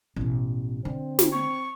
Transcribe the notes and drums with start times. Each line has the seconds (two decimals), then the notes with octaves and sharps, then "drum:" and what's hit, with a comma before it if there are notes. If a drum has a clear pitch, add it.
0.16 A1 B2
0.85 D3 C4
1.19 drum: snare
1.32 C#6